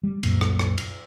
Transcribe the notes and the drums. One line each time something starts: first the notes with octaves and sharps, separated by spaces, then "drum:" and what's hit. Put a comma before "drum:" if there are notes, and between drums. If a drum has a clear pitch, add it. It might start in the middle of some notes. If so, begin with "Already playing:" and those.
G3
C2 F#2 A#2, drum: cymbal
drum: rim click
drum: rim click
drum: cymbal